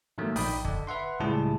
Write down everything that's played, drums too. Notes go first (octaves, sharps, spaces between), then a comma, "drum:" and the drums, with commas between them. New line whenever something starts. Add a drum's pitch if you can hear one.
G#2 D#3 F#3 A3 A#3
A#1 D#4 D5 G5 B5 D#6, drum: open hi-hat
D3 D4 D#5, drum: kick
B4 E5 F#5 C6
C#2 A2 G3 E4 G#4 A5